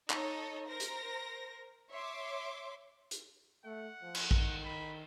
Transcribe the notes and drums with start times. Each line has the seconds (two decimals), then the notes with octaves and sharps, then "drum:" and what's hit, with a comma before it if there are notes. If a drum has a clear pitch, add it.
0.10 D#4 A4 C#5 D#5, drum: clap
0.68 A#4 C5 A#6
0.80 drum: hi-hat
1.91 C#5 E5 C6 D6
3.11 drum: hi-hat
3.65 A3 F#5
4.02 F3
4.15 drum: cymbal
4.31 D#3, drum: kick
4.65 B5